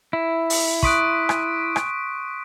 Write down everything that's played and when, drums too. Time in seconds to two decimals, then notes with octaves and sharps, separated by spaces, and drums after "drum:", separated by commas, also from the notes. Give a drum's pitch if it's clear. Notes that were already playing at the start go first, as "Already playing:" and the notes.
0.13 E4
0.50 drum: open hi-hat
0.83 C6 C#6 D#6 F#6 B6 D7, drum: kick
1.29 drum: rim click
1.76 drum: rim click